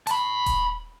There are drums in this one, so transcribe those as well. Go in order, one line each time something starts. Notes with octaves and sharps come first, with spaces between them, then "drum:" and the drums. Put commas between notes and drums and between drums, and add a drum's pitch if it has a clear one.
A5 B5, drum: hi-hat
drum: kick D#1, hi-hat